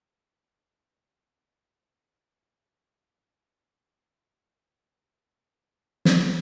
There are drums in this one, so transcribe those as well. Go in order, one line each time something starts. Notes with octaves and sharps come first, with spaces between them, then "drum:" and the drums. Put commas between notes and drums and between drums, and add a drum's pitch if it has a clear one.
D#3
F1
E3
C#2
D#3 F6
F#2 D#3 A#3 B3 D4
drum: snare